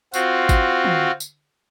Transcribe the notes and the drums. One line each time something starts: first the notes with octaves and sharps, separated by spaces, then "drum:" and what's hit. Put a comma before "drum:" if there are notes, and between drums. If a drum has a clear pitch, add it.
C4 F4 F#4, drum: tambourine
drum: kick, tambourine
drum: tom
drum: tambourine